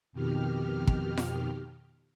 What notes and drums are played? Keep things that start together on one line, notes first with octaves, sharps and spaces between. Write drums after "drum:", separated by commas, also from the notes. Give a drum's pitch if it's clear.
F2 B2 D#3 G4 F6
drum: kick
drum: snare F4